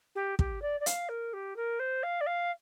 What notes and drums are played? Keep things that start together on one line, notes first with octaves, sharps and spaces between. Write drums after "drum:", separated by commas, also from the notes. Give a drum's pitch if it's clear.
G4
G4, drum: kick
D5
D5
F5, drum: hi-hat
A#4
G4
A#4
C5
F5
D5
F5